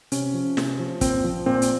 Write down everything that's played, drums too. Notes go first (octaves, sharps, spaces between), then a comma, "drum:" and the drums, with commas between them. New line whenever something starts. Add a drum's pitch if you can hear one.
C3 C#4, drum: hi-hat
F3
C3, drum: snare
F3
A#2 C4, drum: kick, hi-hat
F3
A#2 C4
drum: hi-hat